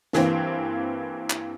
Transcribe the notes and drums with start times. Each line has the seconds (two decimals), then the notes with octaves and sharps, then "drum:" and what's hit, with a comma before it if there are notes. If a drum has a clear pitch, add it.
0.13 G2 E3 A#3 C4, drum: snare
1.30 drum: clap